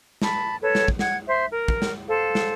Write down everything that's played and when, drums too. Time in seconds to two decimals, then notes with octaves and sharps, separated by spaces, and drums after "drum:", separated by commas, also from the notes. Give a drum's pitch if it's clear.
0.22 A5 B5, drum: snare
0.62 A4 B4 C#5
0.75 drum: snare
0.88 drum: kick
0.99 F#5 G#6, drum: snare
1.27 C5 E5
1.51 A#4
1.68 drum: kick
1.82 drum: snare
2.08 A4 C5 F5
2.35 drum: snare